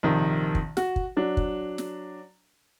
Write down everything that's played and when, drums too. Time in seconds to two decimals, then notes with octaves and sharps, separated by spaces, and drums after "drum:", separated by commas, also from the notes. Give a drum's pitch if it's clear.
0.03 A#1 C3 D#3
0.55 drum: kick
0.77 F#4, drum: snare
0.96 drum: kick
1.16 F#3 D4
1.37 drum: kick
1.78 drum: snare